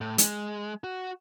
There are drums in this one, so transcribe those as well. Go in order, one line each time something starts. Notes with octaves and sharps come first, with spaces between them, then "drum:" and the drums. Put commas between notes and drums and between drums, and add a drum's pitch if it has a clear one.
A2
G#3, drum: hi-hat
F#4